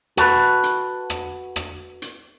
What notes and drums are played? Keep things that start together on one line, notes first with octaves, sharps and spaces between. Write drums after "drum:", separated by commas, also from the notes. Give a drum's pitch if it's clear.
F#4 A4 B4, drum: rim click
drum: hi-hat
drum: rim click
drum: rim click
drum: hi-hat